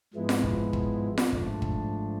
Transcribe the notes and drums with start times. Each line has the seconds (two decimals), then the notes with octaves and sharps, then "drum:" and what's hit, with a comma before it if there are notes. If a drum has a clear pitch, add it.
0.14 G#2 F3 G#3 B3 E4
0.29 drum: snare F4
0.44 drum: kick
0.73 drum: kick
1.18 drum: snare F4
1.33 G#2 F3 A3 D4, drum: kick
1.62 drum: kick